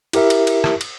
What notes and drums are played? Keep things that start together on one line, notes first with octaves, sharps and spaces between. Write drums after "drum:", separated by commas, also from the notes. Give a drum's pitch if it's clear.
E4 G4 A#4 E5, drum: cymbal
drum: cymbal
drum: cymbal
drum: rim click
drum: cymbal